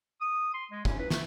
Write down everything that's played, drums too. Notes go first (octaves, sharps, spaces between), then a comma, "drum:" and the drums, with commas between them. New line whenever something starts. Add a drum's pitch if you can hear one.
D#6
C6
G#3
C#4, drum: kick
B4
A3, drum: snare